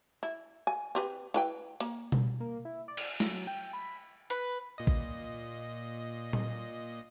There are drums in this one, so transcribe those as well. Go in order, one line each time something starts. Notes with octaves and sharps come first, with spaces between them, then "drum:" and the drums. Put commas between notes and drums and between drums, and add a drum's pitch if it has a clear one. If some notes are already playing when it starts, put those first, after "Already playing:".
E4
G#5
C4 G4 B4
E4 B4 G5, drum: hi-hat
A#3, drum: hi-hat
drum: tom B2
A#3
E4
D5
drum: cymbal
F#3, drum: snare
G5
B5
B4
A#2 D#5
drum: kick
drum: tom A#2